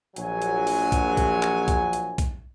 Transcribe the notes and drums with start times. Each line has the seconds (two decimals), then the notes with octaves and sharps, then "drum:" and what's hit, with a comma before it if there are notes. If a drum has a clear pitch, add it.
0.16 A#1 F#3 G#5, drum: hi-hat
0.42 drum: hi-hat
0.67 drum: open hi-hat
0.92 drum: kick B1, hi-hat
1.17 drum: kick B1, hi-hat
1.43 drum: clap
1.68 drum: kick B1, hi-hat
1.93 drum: hi-hat
2.18 drum: kick B1, hi-hat